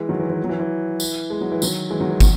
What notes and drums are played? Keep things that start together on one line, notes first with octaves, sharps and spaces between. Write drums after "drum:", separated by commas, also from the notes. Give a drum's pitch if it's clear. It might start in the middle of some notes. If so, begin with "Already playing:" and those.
Already playing: E3 G#3
D#3 F#3
E3
E3
F#3
E3
E3
drum: tambourine
G#3
F#3
E3
D#3 F#3, drum: tambourine
E3 G#3
D#3 F#3
E3
D#3 F#3, drum: kick, tambourine